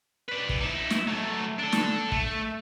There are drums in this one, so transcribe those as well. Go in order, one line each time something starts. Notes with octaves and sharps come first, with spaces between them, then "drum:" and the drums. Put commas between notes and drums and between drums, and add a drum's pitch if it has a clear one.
B4 D5
drum: kick
D#4 E4
drum: snare
F#3 A3
D4 A4
drum: snare
A3, drum: kick